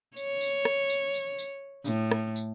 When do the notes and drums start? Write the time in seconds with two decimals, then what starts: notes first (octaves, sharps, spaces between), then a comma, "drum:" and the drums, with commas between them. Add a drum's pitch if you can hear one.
0.17 C#5, drum: tambourine
0.41 drum: tambourine
0.65 drum: rim click
0.90 drum: tambourine
1.14 drum: tambourine
1.38 drum: tambourine
1.85 A2, drum: tambourine
2.11 drum: rim click
2.36 drum: tambourine